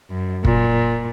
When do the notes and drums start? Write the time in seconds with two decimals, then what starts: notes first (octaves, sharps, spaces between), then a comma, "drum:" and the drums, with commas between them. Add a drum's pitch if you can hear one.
0.11 F#2
0.45 A#2, drum: kick